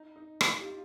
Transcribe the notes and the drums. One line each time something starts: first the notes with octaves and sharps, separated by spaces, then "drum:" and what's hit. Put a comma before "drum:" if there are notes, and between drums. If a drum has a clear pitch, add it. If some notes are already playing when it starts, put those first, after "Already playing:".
Already playing: D#4
D#4
D#4 F4, drum: rim click
F4 G4
F4